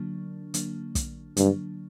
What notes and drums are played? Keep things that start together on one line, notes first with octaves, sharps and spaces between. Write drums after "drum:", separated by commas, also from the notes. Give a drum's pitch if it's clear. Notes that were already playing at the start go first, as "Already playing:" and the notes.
Already playing: D3 F#3 A#3 D4
D3 F#3 A#3 D4, drum: hi-hat
drum: kick, hi-hat
G2 D3 F#3 A#3 D4, drum: hi-hat